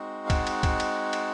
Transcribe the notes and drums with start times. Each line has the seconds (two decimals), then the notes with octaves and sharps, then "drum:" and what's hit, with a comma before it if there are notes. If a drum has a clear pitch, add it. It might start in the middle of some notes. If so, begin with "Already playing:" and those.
Already playing: G#3 C4 D#4 F#4
0.26 F5
0.30 F#5, drum: kick, cymbal
0.47 drum: cymbal
0.63 drum: kick, cymbal
0.80 drum: cymbal
1.13 drum: cymbal